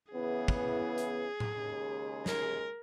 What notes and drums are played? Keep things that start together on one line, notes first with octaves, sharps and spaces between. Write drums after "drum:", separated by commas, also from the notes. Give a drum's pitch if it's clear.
C#3 E3 B3 E4 G#4
drum: kick
drum: hi-hat
drum: tom A2
D#2 C#3 G#3
A#4, drum: snare